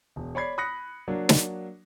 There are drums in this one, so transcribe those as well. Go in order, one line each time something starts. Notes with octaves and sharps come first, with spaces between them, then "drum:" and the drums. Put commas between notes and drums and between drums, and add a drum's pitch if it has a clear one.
E1
C#5 D5 B5 G#6 C7
B5 D#6 F#6 A#6 C#7
F#3 A#3 D4
drum: snare